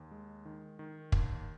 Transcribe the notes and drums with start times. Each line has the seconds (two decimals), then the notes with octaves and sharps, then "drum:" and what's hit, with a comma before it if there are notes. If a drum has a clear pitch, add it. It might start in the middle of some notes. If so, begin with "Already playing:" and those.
Already playing: D#2
0.11 G#3
0.45 D#3
0.79 D#3
1.12 D#2, drum: kick